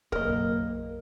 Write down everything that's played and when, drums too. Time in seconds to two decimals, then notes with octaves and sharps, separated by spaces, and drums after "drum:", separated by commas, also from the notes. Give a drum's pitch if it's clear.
0.12 F#1 B1 A#3 A#4 D#5, drum: kick